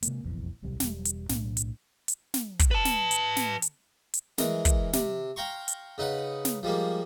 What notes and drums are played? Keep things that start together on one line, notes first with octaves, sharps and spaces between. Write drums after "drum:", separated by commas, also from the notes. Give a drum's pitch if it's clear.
C3 G#3 A#3, drum: hi-hat
F1 A#1 E2
D1 B1 C3 G3
E1 G3, drum: snare
drum: hi-hat
B1 A2 D4, drum: snare
drum: hi-hat
drum: hi-hat
drum: snare
drum: kick, hi-hat
B4 A5
drum: snare
drum: hi-hat
drum: snare
drum: hi-hat
drum: hi-hat
E3 G#3 A#4, drum: snare
drum: kick, hi-hat
C3, drum: snare
F5 G5 A#5 C6 C#6
drum: hi-hat
C#3 D#4 B4 F#5
drum: snare
F3 G3 G#3 A#3